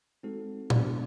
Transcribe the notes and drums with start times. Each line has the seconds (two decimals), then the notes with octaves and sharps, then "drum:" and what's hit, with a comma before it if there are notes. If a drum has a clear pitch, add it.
0.23 G#3 C4 D#4 F#4 A4
0.70 B2 G#3 B3 D4, drum: tom